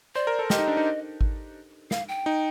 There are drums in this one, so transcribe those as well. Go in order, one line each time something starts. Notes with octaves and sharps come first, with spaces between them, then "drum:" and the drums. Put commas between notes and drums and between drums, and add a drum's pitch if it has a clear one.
C5 D5
A#4
A4
G4 D#5, drum: snare
D#4
D4
D#4
drum: kick G#1
F5, drum: snare
G5
D#4